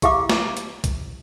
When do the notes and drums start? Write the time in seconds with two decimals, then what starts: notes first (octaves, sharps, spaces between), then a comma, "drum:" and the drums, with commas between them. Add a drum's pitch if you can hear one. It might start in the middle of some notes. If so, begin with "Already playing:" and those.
0.02 E4 G4 E5 F5 D6, drum: kick B1, hi-hat
0.29 drum: snare
0.57 drum: hi-hat
0.84 drum: kick B1, hi-hat